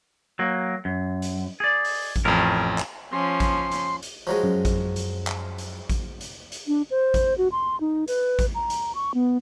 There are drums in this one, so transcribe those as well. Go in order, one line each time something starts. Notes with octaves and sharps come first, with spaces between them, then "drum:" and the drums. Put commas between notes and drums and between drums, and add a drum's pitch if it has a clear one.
F#3 A#3
F#2
drum: hi-hat
G#4 D5
drum: open hi-hat
drum: kick A1, hi-hat
A1 F2 A#4
drum: clap
F3 C#4 C6
drum: kick A1, hi-hat
drum: hi-hat
drum: hi-hat
F3 F#3 G#3
F#2
drum: kick A1, hi-hat
drum: hi-hat
drum: clap
drum: hi-hat
drum: kick A1, hi-hat
drum: hi-hat
drum: hi-hat
D4
C5
drum: kick A1, hi-hat
F#4
C6
D#4
B4, drum: hi-hat
drum: kick A1, hi-hat
A#5
drum: hi-hat
C#6
B3